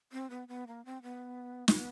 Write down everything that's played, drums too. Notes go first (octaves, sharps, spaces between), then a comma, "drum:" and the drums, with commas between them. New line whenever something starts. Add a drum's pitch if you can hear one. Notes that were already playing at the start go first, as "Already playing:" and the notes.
C4
B3
B3
A#3
C4
B3
A#3, drum: snare
B3